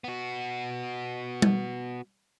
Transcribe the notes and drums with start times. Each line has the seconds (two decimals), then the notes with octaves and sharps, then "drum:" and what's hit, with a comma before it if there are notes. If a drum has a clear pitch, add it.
0.04 B3 F#4
1.42 drum: tom G3